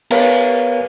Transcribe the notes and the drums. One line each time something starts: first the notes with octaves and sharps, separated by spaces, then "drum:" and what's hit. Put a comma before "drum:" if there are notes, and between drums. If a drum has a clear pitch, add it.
B3 A#4 B4 C#5 F5, drum: cymbal